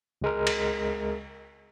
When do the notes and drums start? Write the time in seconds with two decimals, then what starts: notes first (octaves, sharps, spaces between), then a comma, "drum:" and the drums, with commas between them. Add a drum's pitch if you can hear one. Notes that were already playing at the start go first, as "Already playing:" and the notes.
0.22 C#2 G#3 A#4
0.47 drum: cymbal